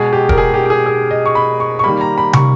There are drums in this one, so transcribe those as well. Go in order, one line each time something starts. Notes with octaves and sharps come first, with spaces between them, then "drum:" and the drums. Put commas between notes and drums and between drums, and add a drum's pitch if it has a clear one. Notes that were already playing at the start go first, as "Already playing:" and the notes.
Already playing: B2 G#3 G#4
G4
A#4, drum: kick E1
G#4
G4
G4
G#4
G#4
D#5
C#6
B5
C#6
C#6
D#3 G3 A#3 B5
A#5
B5
C#6, drum: tom